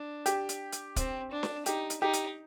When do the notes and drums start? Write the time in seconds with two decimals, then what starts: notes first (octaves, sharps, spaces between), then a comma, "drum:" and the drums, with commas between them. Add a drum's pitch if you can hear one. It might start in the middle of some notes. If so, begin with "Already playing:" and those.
Already playing: D4
0.26 G4, drum: hi-hat
0.49 drum: hi-hat
0.72 drum: hi-hat
0.96 C4, drum: kick, hi-hat
1.31 D4
1.43 drum: snare
1.66 D#4 G4, drum: hi-hat
1.90 drum: hi-hat
2.01 D#4 G4
2.13 drum: hi-hat